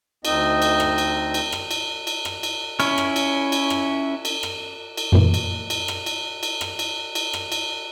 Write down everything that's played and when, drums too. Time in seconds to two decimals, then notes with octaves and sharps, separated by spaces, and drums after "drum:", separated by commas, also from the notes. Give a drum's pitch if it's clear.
0.25 D2 C4 D#4 D#5, drum: cymbal
0.62 drum: cymbal
0.80 drum: rim click
0.98 drum: cymbal
1.34 drum: cymbal
1.52 drum: rim click
1.71 drum: cymbal
2.07 drum: cymbal
2.25 drum: rim click
2.43 drum: cymbal
2.80 C#4 E4 C#6 F6, drum: cymbal
2.98 drum: rim click
3.16 drum: cymbal
3.52 drum: cymbal
3.70 drum: rim click
4.25 drum: cymbal
4.43 drum: rim click
4.97 drum: cymbal
5.12 F#2 A#2 E3
5.34 drum: cymbal
5.70 drum: cymbal
5.88 drum: rim click
6.06 drum: cymbal
6.43 drum: cymbal
6.61 drum: rim click
6.79 drum: cymbal
7.15 drum: cymbal
7.33 drum: rim click
7.52 drum: cymbal